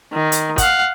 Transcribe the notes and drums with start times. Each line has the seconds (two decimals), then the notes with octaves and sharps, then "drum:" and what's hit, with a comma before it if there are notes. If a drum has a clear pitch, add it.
0.13 D#3
0.32 drum: hi-hat
0.58 F5 F#5, drum: kick, hi-hat